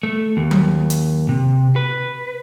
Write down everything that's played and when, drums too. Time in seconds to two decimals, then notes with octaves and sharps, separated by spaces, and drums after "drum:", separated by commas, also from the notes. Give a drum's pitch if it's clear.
0.03 A3
0.37 D#2
0.51 drum: tom F#3
0.90 drum: hi-hat
1.29 C3
1.76 B4